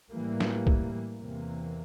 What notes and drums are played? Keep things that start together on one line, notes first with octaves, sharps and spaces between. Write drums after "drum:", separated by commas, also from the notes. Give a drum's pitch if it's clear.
A2 E3 G3 A#3
drum: snare
drum: kick
E2 C3 E3 A#3